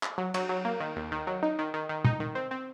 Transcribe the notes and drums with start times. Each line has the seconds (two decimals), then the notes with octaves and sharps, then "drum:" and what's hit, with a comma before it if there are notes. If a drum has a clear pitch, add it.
0.03 drum: clap
0.18 F#3
0.34 F#3, drum: cymbal
0.49 F#3
0.65 A#3
0.80 D#3
0.96 D#2
1.12 D#3
1.27 F#3
1.43 D#4
1.59 D#3
1.74 D#3
1.89 D#3
2.05 D#4, drum: tom
2.20 D#3
2.35 C4
2.51 C4